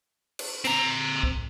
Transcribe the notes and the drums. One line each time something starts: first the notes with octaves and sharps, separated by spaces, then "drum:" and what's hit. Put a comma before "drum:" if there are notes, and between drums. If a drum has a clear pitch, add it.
drum: cymbal
C4 A#5, drum: tambourine
drum: kick